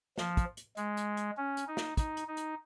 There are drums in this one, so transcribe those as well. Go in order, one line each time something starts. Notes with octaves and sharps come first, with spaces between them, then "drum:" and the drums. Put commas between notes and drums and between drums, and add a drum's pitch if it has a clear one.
F3, drum: snare
drum: kick, hi-hat
drum: hi-hat
G#3, drum: hi-hat
drum: hi-hat
drum: hi-hat
C#4
drum: hi-hat
D#4
drum: snare
D#4, drum: kick, hi-hat
drum: hi-hat
D#4
drum: hi-hat